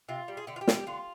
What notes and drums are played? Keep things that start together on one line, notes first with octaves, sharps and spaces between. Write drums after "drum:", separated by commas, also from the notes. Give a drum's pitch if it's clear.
C3 F4
G3
G#4
D3 G4
F4
G4
G3, drum: snare
G4
D3 F4